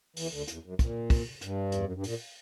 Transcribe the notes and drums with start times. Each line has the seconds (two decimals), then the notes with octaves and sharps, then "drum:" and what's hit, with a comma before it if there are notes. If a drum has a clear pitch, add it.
0.17 E2 E3, drum: open hi-hat
0.31 D2 D3
0.48 E2, drum: hi-hat
0.63 F#2
0.79 A#2, drum: kick, hi-hat
1.10 drum: kick, open hi-hat
1.42 G2, drum: hi-hat
1.72 E2, drum: hi-hat
1.82 F#2
1.93 G2
2.04 A#2, drum: open hi-hat